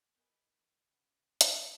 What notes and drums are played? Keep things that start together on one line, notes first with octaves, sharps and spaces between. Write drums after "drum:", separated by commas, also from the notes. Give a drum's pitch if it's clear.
B3 A#4 B4 D#5 G#5
D#3
C#3 B4 E5 F#5
C5 F5, drum: hi-hat